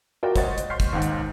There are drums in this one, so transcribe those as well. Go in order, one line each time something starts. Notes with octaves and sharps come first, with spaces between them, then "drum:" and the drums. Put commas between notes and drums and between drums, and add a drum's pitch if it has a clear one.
F4 F#4 A#4 D5 G5
C5 C#5 D#5 F#5 A6, drum: kick, hi-hat
drum: hi-hat
C6 C#6 F6 G6 B6 C7
drum: kick, hi-hat
D#2 G#2
drum: hi-hat